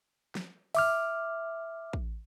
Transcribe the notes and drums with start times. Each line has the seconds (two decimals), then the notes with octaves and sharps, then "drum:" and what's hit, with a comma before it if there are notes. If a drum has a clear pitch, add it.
0.35 drum: snare
0.75 E5 D6 F6, drum: open hi-hat
1.93 drum: kick